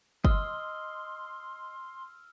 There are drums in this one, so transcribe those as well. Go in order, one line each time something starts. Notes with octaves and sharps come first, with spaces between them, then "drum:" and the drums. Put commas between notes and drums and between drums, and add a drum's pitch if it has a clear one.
D#5 C6 E6 F6 G7, drum: kick